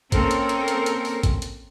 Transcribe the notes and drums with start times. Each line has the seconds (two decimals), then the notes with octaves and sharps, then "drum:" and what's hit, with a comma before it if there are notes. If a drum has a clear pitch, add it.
0.12 A#3 C4 C#4 A4 A#4, drum: kick G#1, hi-hat
0.31 drum: hi-hat
0.49 drum: hi-hat
0.68 drum: hi-hat
0.86 drum: hi-hat
1.05 drum: open hi-hat
1.23 drum: kick G#1, hi-hat
1.42 drum: hi-hat